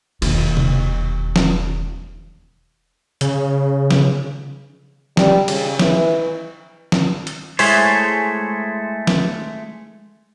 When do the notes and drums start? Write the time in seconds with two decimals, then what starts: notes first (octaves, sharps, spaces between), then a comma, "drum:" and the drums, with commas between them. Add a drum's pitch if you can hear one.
0.22 E1 D#2, drum: cymbal
0.57 drum: tom C3
1.36 drum: snare
3.21 C#3, drum: hi-hat
3.91 drum: snare
5.17 G3, drum: snare
5.48 C#3, drum: cymbal
5.79 E3, drum: snare
6.92 drum: snare
7.27 drum: hi-hat
7.59 G#3 A3 E4 G#4 C5 C#5, drum: open hi-hat
9.07 drum: snare